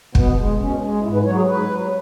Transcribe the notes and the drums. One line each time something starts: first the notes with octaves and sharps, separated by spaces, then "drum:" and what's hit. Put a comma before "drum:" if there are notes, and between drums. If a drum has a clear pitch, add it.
B2 B3, drum: kick
G#3
B2 C#4
G#3
G#2 E4
B4
F#3 C#5
F#4
G#4
G#2 B4
F#3